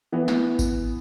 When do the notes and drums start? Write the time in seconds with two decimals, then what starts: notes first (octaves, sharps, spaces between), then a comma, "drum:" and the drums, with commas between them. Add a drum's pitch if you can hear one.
0.12 E3 B3
0.28 drum: snare
0.59 drum: kick G#1, tambourine